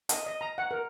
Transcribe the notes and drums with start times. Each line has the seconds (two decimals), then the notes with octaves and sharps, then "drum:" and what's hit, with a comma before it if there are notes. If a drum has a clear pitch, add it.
0.09 D#5, drum: hi-hat
0.26 D#5
0.41 A#5
0.58 F#5
0.71 A#4